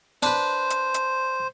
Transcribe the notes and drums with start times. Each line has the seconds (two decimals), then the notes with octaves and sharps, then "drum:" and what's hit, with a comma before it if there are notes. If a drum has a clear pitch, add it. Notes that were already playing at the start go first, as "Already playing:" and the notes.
0.23 D4 B4 C5, drum: hi-hat
0.70 drum: hi-hat
0.94 drum: hi-hat